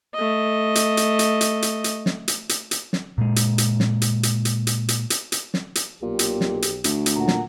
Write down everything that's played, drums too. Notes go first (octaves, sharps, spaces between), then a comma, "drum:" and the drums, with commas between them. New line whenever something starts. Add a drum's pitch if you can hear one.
A3 D#5
drum: hi-hat
drum: hi-hat
drum: hi-hat
drum: hi-hat
drum: hi-hat
drum: hi-hat
drum: snare
drum: hi-hat
drum: hi-hat
drum: hi-hat
drum: snare
A#2 G#3
drum: hi-hat
drum: hi-hat
drum: snare
drum: hi-hat
drum: hi-hat
drum: hi-hat
drum: hi-hat
drum: hi-hat
drum: hi-hat
drum: hi-hat
drum: snare
drum: hi-hat
B1 A#2 G4
drum: hi-hat
drum: snare
drum: hi-hat
D2, drum: hi-hat
drum: hi-hat
A#2 F#5 A#5
drum: snare